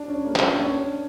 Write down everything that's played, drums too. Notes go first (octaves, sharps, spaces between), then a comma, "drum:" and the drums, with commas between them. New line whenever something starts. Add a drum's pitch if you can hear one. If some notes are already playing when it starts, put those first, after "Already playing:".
Already playing: D4
C#4
A#3
C#4, drum: clap
D4
C#4
D4